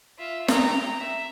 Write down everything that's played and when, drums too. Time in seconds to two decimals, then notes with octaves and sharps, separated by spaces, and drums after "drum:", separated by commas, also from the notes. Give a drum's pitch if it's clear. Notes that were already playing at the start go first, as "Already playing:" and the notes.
0.19 F4 E5
0.48 G5 A#5, drum: snare
0.99 E5